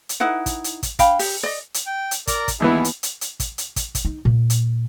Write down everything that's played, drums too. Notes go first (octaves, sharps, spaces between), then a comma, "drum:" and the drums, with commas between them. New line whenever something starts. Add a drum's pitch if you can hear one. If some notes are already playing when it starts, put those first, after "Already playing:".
drum: hi-hat
D#4 E4 B4 F#5
drum: kick, hi-hat
drum: hi-hat
drum: kick, hi-hat
D4 F5 G5 B5, drum: kick, hi-hat
G4, drum: open hi-hat
D5 D#5
drum: hi-hat
G5
drum: hi-hat
A#4 D5 A#5, drum: kick, hi-hat
drum: kick, hi-hat
D#2 E3 B3 E4 G#4
drum: hi-hat
drum: hi-hat
drum: hi-hat
drum: kick, hi-hat
drum: hi-hat
drum: kick, hi-hat
drum: kick, hi-hat
D#4
A#2
drum: hi-hat